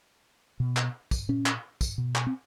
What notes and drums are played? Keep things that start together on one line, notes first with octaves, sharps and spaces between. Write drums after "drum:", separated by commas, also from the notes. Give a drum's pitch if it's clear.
B2
drum: clap
drum: kick, tambourine
A#2 C#4
drum: clap
drum: kick, tambourine
B2
drum: clap
C4